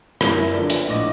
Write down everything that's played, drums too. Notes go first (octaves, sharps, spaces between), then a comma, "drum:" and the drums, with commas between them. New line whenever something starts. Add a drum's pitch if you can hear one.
F#2 A#3 E4 A#4 A#6, drum: rim click
D3 F3 A4 B4 D5
drum: hi-hat
A#1 A2 D#5 D6 A#6